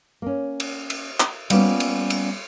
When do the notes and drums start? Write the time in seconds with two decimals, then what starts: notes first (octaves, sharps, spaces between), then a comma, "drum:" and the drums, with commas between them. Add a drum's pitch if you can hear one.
0.22 A#3 C#4
0.60 drum: cymbal
0.90 drum: cymbal
1.20 drum: clap
1.50 G3 A#3 B3 C#4 F4, drum: cymbal
1.80 drum: cymbal
2.10 drum: cymbal